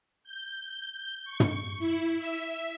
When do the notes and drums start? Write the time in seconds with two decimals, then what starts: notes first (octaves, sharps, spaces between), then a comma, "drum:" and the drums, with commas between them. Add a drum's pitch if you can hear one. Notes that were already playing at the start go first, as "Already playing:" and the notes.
0.24 G6
1.25 C#6
1.40 drum: tom
1.79 E4
2.19 E5